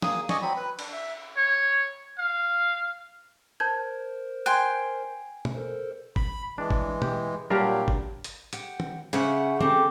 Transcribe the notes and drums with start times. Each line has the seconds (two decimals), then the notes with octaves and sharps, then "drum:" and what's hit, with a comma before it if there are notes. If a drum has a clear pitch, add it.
0.02 A#3 G#4 D#6, drum: snare
0.29 D5 D#5 G#5 C#6, drum: snare
0.42 F#3 C4 B5
0.56 B4
0.79 D4, drum: cymbal
0.92 E5
1.37 C#5
2.18 F5
3.60 A#4 C5 A5 G6 G#6
4.46 G5 G#5 C6 F#6
5.45 drum: tom
5.55 A4 A#4 C5
6.16 B5, drum: kick G1
6.58 E3 G#3 D4
6.70 drum: kick G1
7.02 G4, drum: tom
7.50 A#2 F#3 G3 D4 G4 A#4 D5 F5
7.88 drum: kick G1
8.24 drum: hi-hat
8.53 G4 F#5, drum: hi-hat
8.80 drum: tom
9.13 C#3 C5 E5 F#5, drum: hi-hat
9.61 C4 G4 A4, drum: tom C#3